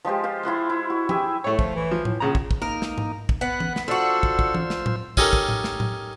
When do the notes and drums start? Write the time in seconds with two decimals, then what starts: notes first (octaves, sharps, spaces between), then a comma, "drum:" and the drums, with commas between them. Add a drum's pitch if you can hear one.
0.05 F3 G#3 G4 C5
0.24 F4 C5
0.43 E4 F4 F#5 C6
0.70 E4
0.90 F#4
1.09 G4 G#4 E5, drum: tom F3
1.44 A2 A3 C#5
1.59 F3, drum: kick
1.76 E3
1.91 F3
2.05 A2, drum: tom A2
2.20 A#1 A#2 C#3 A#5
2.35 drum: kick
2.51 drum: kick
2.62 A#3 D#4 A#4
2.82 drum: snare
2.98 drum: tom G#2
3.29 drum: kick
3.41 B3 B4 F#6
3.60 drum: tom E3
3.76 drum: snare
3.88 D4 F4 F#4 A4 C5 E6
4.23 drum: kick
4.39 drum: kick
4.54 drum: tom E3
4.70 drum: snare
4.86 drum: tom A2
5.17 C#4 D#4 G4 A4 A#4, drum: kick
5.33 drum: kick
5.49 drum: tom A2
5.64 drum: snare
5.80 drum: tom A2